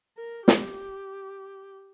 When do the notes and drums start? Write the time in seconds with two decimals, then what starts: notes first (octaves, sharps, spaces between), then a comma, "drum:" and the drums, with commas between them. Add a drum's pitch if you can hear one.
0.18 A#4
0.48 G4, drum: snare